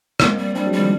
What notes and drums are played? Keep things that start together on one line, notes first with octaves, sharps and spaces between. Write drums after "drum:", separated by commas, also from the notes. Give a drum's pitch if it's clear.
G#3 A#3 C4, drum: rim click
G3
G3 C4 D4
F#3 G#3
G3
D#3 F3